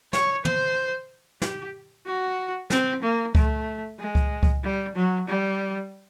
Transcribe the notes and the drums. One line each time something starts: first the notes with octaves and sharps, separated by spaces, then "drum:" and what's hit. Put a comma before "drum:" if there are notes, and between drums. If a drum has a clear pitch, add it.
C#5, drum: snare
C5, drum: tom
G4, drum: snare
F#4
C4, drum: snare
A#3
A3, drum: kick C#2
G#3
drum: kick C#2
drum: kick C#2
G3
F#3
G3